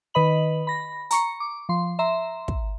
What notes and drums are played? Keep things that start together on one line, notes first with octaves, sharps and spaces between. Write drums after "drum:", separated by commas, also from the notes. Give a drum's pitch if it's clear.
D#3 B4 D#5 B5 F#7
B5 A#6
A#5 C#6 C#7, drum: hi-hat
D6
F3 C6
E5 A#5 C6
drum: kick